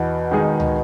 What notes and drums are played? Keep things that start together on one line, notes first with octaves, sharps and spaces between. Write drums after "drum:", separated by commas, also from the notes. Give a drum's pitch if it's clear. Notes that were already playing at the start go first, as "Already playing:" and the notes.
Already playing: E2 B2
D#3 G#3 D#4 G#4
drum: tom C#2